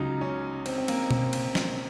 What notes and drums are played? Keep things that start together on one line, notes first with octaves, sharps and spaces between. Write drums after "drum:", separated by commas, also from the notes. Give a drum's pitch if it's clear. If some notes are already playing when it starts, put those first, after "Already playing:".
Already playing: C#2 C#3 F#3 D#4
C#4
C4, drum: cymbal
C4
A#3, drum: cymbal
drum: tom B2
drum: cymbal
drum: snare